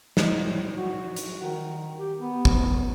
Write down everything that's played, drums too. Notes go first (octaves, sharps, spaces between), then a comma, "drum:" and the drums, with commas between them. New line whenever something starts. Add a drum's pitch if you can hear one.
G#3, drum: snare
A2
F#4
drum: hi-hat
D#3
G4
B3
drum: kick